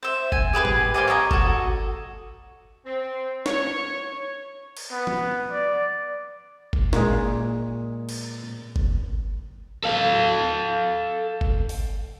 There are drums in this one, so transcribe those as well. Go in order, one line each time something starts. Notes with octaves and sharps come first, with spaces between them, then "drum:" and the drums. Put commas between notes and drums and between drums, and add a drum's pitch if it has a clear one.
C5 E5
G#5, drum: kick G1
G4 G#4 B4 G#5
drum: tom
A#3 C5 D5 G#5
C#5 D#5 E5 A#5
F#4 A4, drum: kick G1
C4
C#5, drum: snare
drum: cymbal
B3
drum: tom E3
D5
drum: kick G1
A#2 G#3, drum: snare
drum: cymbal
drum: kick G1
A4 F5
drum: kick G1
drum: open hi-hat